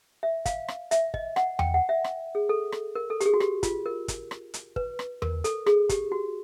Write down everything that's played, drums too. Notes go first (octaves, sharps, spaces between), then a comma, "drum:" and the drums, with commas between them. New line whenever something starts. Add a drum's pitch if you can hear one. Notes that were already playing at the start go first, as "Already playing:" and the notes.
E5
F5, drum: kick, hi-hat
drum: rim click
E5, drum: hi-hat
D#5, drum: kick
F#5, drum: rim click
G5, drum: tom E2
F#5
E5
drum: rim click
G#4
A4
drum: rim click
A#4
A4
G4, drum: hi-hat
G#4
F#4
G4, drum: rim click
F4, drum: kick, hi-hat
A#4
drum: kick, hi-hat
drum: rim click
drum: hi-hat
B4, drum: kick
drum: rim click
A#4, drum: tom E2
A4, drum: hi-hat
G#4, drum: rim click
G4, drum: kick, hi-hat
F#4